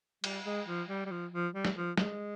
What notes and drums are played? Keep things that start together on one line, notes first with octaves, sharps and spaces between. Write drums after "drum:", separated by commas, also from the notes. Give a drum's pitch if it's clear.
G3, drum: cymbal
G#3
F3
G3
G3
F3
F3
G3
drum: snare
F3
G#3, drum: snare